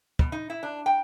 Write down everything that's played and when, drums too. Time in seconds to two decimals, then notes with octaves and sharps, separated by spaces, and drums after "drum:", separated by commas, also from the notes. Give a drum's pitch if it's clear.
0.19 B2, drum: kick
0.32 D#4
0.50 E4
0.63 D4
0.86 G5